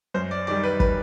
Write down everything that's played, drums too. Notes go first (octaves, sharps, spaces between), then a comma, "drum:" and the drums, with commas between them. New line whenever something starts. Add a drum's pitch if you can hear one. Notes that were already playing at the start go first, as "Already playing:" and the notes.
F#2 C5
D5
D#3 G3 D5
B4
B4, drum: kick